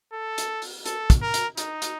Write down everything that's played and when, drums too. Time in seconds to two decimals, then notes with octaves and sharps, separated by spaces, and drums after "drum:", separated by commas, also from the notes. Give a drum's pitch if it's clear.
0.13 A4
0.38 drum: hi-hat
0.62 drum: open hi-hat
0.86 A4, drum: hi-hat
1.10 drum: kick, hi-hat
1.22 A#4
1.34 drum: hi-hat
1.57 D#4, drum: hi-hat
1.82 drum: hi-hat